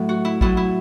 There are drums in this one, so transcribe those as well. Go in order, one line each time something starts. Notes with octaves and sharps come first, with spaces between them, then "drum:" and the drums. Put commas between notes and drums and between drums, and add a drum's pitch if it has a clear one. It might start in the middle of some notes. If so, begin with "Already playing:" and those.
Already playing: A2 F#3 A3
F#4
E4
A2 F#3 A3 E4, drum: kick
E4